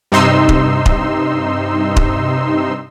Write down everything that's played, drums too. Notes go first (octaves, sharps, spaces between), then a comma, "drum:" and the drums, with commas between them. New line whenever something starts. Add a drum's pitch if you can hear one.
G2 C3 D#4 C6 E6
drum: kick D#1
drum: kick D#1
drum: kick D#1